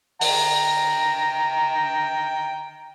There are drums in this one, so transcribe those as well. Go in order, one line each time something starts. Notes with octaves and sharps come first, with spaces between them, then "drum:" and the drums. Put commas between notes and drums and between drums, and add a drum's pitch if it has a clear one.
G5 A#5, drum: open hi-hat